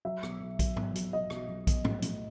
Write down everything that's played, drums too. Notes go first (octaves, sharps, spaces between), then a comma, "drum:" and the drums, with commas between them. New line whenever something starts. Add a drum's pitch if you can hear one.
F#3 E5
B1, drum: rim click
B1
F#3, drum: kick A#1, hi-hat
B1, drum: tom G#2
F#3, drum: hi-hat
F#3 D#5
B1, drum: rim click
B1
B1, drum: kick A#1, hi-hat
A2, drum: tom G#2
A2, drum: hi-hat